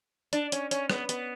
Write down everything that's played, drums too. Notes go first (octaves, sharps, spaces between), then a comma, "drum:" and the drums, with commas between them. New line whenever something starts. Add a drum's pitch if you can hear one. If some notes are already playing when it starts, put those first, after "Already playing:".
D4, drum: hi-hat
C#4, drum: hi-hat
C#4, drum: hi-hat
B3, drum: rim click
B3, drum: hi-hat